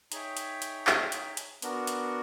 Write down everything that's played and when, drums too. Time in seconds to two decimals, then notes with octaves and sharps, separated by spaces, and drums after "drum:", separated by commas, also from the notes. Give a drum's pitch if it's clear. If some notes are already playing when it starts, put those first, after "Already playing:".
0.12 D#4 G#4 C#5 E5 G5, drum: hi-hat
0.37 drum: hi-hat
0.62 drum: hi-hat
0.87 drum: clap
1.12 drum: hi-hat
1.37 drum: hi-hat
1.62 B3 D4 F#4 A#4, drum: hi-hat
1.87 drum: hi-hat